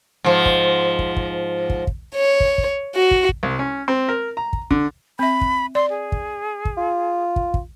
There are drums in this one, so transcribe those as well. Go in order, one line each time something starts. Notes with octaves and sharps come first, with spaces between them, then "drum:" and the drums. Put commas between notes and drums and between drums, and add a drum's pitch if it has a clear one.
G#2 F3
drum: kick
drum: kick
drum: kick
drum: kick
drum: kick
C#5
drum: kick
drum: kick
F#4
drum: kick
drum: kick
C2
C#4
C4
A#4
A#5
drum: kick
D3, drum: kick
C4 E5 B5
drum: kick
D5 C6
G#4
drum: kick
drum: kick
F4
drum: kick
drum: kick